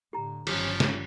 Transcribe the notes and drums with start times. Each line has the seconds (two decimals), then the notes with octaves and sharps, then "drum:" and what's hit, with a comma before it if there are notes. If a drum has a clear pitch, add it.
0.13 A2 D3 G4 A#5
0.47 G1 D#3 F3 F#3 C#4 F4 G4, drum: cymbal
0.80 drum: snare